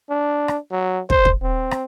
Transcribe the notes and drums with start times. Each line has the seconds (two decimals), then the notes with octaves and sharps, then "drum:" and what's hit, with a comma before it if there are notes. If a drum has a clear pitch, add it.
0.10 D4
0.48 drum: rim click
0.72 F#3
1.10 C5, drum: kick
1.25 drum: kick
1.43 C4
1.71 drum: rim click